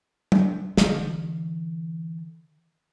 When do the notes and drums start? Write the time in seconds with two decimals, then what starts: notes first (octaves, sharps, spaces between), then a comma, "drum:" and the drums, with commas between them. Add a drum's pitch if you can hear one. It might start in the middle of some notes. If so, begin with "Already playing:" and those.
0.32 drum: tom F#3
0.77 D3 E3, drum: snare